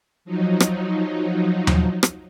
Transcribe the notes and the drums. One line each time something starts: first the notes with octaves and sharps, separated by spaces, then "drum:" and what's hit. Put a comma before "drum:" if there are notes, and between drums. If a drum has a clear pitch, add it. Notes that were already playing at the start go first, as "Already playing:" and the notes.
F3 F#3 D#4
drum: rim click
drum: tom D#2
drum: rim click